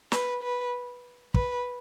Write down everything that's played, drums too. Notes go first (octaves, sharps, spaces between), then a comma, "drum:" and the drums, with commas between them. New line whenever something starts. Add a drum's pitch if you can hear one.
B4, drum: snare
B4
B4, drum: kick